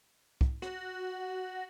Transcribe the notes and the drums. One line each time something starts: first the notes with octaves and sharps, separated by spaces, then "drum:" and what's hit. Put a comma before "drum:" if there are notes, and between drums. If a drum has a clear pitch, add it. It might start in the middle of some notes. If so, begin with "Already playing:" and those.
drum: kick
F#4, drum: rim click